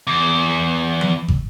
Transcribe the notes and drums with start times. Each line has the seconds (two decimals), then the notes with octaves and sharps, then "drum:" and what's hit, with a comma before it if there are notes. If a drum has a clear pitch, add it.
0.07 E2
1.01 drum: tom F3
1.28 drum: kick